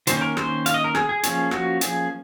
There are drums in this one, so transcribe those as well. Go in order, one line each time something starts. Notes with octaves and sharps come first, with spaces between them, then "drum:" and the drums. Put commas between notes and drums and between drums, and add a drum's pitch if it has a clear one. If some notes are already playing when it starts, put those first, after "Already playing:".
D#3 A#3 C#4 C5, drum: hi-hat
C5
A#4
C5, drum: rim click
F5, drum: hi-hat
D#5
A#4
G#4, drum: rim click
G#4
F3 A#3 C#4 G#4, drum: hi-hat
F#4, drum: rim click
G#4, drum: hi-hat